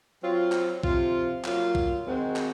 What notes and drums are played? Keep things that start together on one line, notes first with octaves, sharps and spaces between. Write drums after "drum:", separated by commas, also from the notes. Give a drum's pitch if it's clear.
F#3 C4 F4
drum: clap
C3 F3 C4 F4, drum: kick B1
F#3 A#3 F4, drum: clap
drum: kick B1
D#3 G#3 C4 F#4
drum: clap